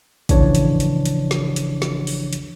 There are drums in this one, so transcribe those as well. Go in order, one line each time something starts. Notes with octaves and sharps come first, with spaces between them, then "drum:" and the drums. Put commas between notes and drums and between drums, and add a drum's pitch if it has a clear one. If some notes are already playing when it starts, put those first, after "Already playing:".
A1 C#3 E3 F3 D4 C#5, drum: kick, hi-hat
drum: hi-hat
drum: hi-hat
drum: hi-hat
drum: snare
drum: hi-hat
drum: snare
drum: open hi-hat
drum: hi-hat